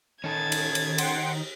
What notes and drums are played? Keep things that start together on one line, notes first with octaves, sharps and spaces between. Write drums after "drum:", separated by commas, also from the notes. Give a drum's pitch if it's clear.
D#3 C#4 A4 G#6 A6
drum: cymbal
drum: cymbal
F#5 G5 C6, drum: cymbal